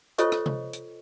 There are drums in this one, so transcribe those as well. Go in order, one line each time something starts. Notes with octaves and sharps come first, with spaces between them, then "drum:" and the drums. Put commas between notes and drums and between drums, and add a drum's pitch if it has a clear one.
F4 A4 C5 C#5 D#5 C#6, drum: hi-hat
drum: rim click
drum: tom C3
drum: hi-hat